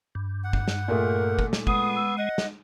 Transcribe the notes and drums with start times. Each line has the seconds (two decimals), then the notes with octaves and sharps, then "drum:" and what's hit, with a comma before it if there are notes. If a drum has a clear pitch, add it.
0.15 G2
0.44 F#5
0.53 drum: kick
0.68 drum: snare
0.88 A#2 A3 G#4 A#4
1.39 drum: kick
1.53 drum: snare
1.67 G#3 B3 D#6, drum: kick
1.95 E6
2.18 D#5 F#5
2.38 drum: snare